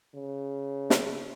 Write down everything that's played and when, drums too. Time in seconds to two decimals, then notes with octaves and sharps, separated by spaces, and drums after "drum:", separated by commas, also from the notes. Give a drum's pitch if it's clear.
0.15 C#3
0.90 drum: snare